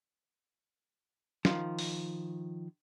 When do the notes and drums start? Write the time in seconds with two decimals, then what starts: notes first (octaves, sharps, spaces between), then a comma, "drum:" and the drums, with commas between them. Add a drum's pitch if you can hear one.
1.45 D#3 F3, drum: snare
1.79 drum: open hi-hat